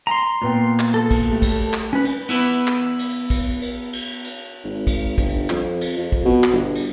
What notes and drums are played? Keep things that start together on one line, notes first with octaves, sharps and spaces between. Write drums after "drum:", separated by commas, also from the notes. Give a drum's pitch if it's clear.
A#5 C6
A#2 B3 G5
drum: clap
A4
drum: kick, cymbal
G3 A3
drum: kick, cymbal
drum: clap
C#4 B4
drum: cymbal
B3 E4 B4
drum: clap
drum: cymbal
drum: kick, cymbal
drum: cymbal
drum: cymbal
drum: cymbal
G#1
drum: kick, cymbal
G1, drum: kick, cymbal
F2, drum: clap
drum: cymbal
F2
drum: kick
B2
drum: clap
G1
drum: cymbal